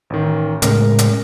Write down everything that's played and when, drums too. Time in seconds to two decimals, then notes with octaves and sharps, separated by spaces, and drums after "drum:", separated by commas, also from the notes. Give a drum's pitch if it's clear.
0.10 A1 D#3
0.62 A2 C#3 G#3 A#4, drum: hi-hat
0.99 drum: hi-hat